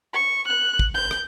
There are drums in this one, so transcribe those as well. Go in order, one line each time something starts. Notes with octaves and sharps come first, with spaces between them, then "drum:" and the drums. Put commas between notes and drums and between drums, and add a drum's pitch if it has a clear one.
C#6
F#6
drum: kick
G6
drum: rim click